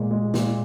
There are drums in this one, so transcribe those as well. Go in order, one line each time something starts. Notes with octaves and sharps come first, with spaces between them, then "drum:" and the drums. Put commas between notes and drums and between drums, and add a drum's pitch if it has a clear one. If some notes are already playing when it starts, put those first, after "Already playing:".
Already playing: A#2 G#3
G#3
A#2, drum: snare